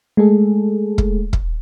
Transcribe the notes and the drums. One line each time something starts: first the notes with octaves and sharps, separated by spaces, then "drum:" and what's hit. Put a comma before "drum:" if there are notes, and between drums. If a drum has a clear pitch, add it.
G#3 A3 G#4 A4
drum: kick
drum: kick